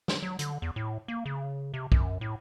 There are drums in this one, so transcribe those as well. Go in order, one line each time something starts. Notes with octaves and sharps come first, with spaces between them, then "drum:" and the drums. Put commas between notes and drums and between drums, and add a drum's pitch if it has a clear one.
drum: snare
F#3
D3, drum: hi-hat
E2
A2
A#3
C#3
C3
F#2, drum: kick
A2